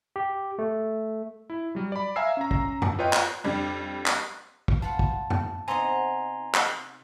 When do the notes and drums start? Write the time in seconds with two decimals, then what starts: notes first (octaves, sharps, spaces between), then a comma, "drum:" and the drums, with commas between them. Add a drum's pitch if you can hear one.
0.16 G4
0.59 A3
1.50 E4
1.75 F#3 G3
1.92 D5 B5
2.16 E5 F5 G#5 A#5 E6 C7
2.37 C#4 A#5
2.51 drum: kick
2.82 drum: tom F#2
2.99 F4 B4 C#5 D#5 F5 G5
3.13 drum: clap
3.44 F2 G3 D4
4.06 drum: clap
4.68 drum: kick
4.82 F4 B4 F#5 A5
4.99 drum: kick
5.30 drum: tom F#2
5.68 C3 B3 D#4 G#5 A#5 C6
6.55 drum: clap